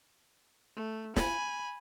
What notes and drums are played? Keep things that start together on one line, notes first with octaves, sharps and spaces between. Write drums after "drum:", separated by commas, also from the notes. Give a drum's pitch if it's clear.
A3
G#5 B5, drum: snare